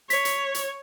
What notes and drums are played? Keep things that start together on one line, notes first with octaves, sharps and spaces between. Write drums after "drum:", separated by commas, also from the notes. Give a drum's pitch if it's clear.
C#5 B6, drum: hi-hat
drum: hi-hat
drum: hi-hat